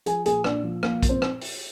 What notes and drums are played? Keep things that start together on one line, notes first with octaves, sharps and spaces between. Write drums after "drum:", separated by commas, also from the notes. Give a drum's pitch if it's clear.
F3 G#4 G#5, drum: hi-hat
A#2 G#4 G#5, drum: hi-hat
A#2 D4 D5, drum: rim click
F3
F3 A#3 A#4, drum: rim click
A#2, drum: kick A#1, hi-hat
C4 C5
drum: rim click
drum: open hi-hat